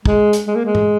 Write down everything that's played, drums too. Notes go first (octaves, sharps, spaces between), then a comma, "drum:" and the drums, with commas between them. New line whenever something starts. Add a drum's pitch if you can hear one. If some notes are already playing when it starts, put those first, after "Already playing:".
G#3, drum: kick
drum: hi-hat
G#3
A#3
G#3
drum: tom G#2